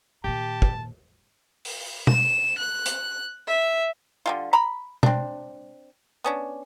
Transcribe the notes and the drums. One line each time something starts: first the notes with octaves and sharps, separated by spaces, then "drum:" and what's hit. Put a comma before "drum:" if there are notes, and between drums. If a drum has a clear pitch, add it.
A#2 D#3 G4 A5
drum: kick
drum: open hi-hat
E7, drum: tom
F#6
drum: hi-hat
E5
D3 G3 F4
A#5 B5
C4 D4, drum: tom
B3 C#4 D4